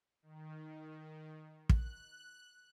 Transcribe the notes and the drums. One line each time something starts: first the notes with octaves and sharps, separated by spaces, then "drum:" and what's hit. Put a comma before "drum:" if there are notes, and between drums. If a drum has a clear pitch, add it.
D#3
F#6, drum: kick